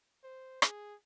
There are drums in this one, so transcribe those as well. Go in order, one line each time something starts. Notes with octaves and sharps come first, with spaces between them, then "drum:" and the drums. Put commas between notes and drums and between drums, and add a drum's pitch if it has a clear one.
C5
G#4, drum: rim click